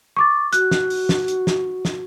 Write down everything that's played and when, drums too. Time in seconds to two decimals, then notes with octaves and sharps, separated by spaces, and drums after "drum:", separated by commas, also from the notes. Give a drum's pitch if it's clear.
0.17 C#6 D6 A6
0.53 F#4 F#6, drum: hi-hat
0.71 drum: snare
0.90 drum: open hi-hat
1.09 drum: snare
1.28 drum: hi-hat
1.47 drum: snare
1.85 drum: snare